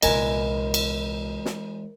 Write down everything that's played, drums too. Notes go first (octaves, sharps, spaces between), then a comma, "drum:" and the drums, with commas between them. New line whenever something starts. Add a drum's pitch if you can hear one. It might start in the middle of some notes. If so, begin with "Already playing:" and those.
C2 A#2 E3 G#3 A#4 D#5 G#5, drum: cymbal
drum: cymbal
drum: snare